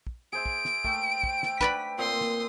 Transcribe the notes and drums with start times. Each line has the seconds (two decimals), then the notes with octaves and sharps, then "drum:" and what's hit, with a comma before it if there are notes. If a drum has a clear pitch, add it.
0.07 drum: kick
0.33 G#4 C5 E5 D7
0.46 drum: kick
0.65 drum: snare
0.84 A3 G5, drum: kick
1.23 drum: kick
1.43 drum: snare
1.61 B4 D5 B5 B6, drum: kick
1.98 A#2 C4 C6 D#6
2.21 drum: snare